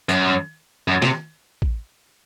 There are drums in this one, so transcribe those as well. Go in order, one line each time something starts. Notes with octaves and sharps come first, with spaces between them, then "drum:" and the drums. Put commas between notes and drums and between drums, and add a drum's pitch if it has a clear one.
F#2, drum: tambourine
F#2
C3, drum: snare
drum: kick